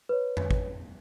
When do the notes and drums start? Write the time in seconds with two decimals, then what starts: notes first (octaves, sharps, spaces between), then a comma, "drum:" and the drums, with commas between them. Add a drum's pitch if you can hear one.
0.09 B4 C#5
0.37 drum: tom F2
0.51 drum: kick G#1